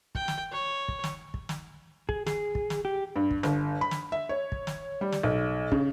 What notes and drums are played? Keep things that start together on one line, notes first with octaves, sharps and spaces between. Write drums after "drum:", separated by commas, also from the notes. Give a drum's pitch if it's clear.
G5, drum: kick
drum: snare
C#5
drum: kick
drum: snare
drum: kick
drum: snare
G#4, drum: kick
G#4, drum: snare
drum: kick
drum: snare
G4
G2
drum: kick
G1, drum: snare
B5
drum: snare
E5
C#5
drum: kick
drum: snare
G3
drum: snare
B1
C#3, drum: kick